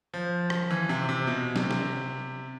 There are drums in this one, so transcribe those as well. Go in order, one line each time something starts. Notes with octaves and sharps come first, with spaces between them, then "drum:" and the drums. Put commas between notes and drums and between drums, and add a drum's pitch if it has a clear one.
F3
drum: rim click
E3
C3
C3
B2
C3, drum: snare
drum: snare